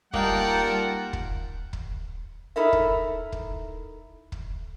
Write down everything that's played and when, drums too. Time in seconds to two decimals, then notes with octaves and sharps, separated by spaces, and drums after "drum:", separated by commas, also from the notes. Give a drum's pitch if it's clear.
0.13 G3 A#3 D#4 F4 A#4 F#5 G5 A5, drum: kick
1.13 drum: kick
1.73 drum: kick
2.56 D#4 E4 A4 A#4 E5
2.73 drum: kick
3.32 drum: kick
4.32 drum: kick